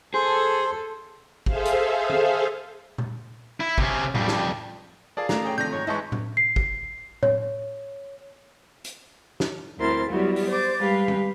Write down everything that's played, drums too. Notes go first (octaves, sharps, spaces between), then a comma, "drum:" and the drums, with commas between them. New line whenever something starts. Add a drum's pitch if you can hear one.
G#4 A4 C5
G#4 A4 C5 E5 F5, drum: kick G#1
drum: hi-hat
drum: tom D#3
drum: tom A#2
E4
C3 C#4, drum: kick G#1
F2 G3, drum: tom A2
drum: snare
F4 G#4 A#4 D5 A5
A3 C#4 A#5, drum: snare
G#4 C#5 G5
C3 D#3 F3 A3 D4 G6 A#6
G#2 C#5
G#2 E3 G#3 E4 D#5 E5 A5 C#6
drum: tom A2
C7
drum: kick G#1
C#5, drum: tom A2
drum: hi-hat
drum: snare
D2 C4 E4 A#4 C6 A6
F#3 G3 B3 E4 F#4
drum: open hi-hat
C5 D6 A6
G3 G#3 G4 B4 F5
drum: tom D#3